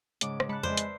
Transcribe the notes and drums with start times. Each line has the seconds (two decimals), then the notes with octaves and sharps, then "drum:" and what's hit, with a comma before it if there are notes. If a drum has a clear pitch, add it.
0.21 G#2 C#3 D6, drum: hi-hat
0.40 drum: rim click
0.49 G#3 A5 B5 F#6 C#7
0.63 F2 G#3 B4 C5 D5 E5
0.77 drum: hi-hat